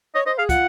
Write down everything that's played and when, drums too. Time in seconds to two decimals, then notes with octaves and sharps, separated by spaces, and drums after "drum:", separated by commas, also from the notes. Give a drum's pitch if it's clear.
0.15 C#5 D#5
0.26 C5 D#5
0.38 G#4 F5
0.49 F4 F#5, drum: kick, hi-hat